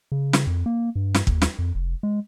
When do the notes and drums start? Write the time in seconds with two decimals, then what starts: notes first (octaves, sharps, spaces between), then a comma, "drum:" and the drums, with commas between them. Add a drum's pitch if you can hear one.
0.12 C#3
0.33 drum: snare
0.47 F2
0.66 A#3
0.96 G2
1.14 drum: snare
1.27 D#2, drum: kick
1.42 drum: snare
1.59 F2
1.75 F1
2.03 G#3